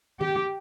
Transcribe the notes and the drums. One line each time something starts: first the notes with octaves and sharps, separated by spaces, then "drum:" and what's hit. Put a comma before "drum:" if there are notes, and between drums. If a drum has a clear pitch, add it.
G4, drum: tom D#3